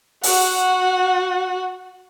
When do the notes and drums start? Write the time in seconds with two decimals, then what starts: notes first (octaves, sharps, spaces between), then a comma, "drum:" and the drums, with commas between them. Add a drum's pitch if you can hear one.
0.23 F#4 F#5, drum: open hi-hat